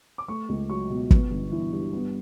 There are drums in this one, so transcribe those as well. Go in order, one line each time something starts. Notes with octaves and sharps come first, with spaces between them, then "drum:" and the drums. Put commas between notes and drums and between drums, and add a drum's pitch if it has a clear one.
D6
A3 C#6
C#2
F#3 C#6
B2
B3, drum: kick
G1
E3
G2
B3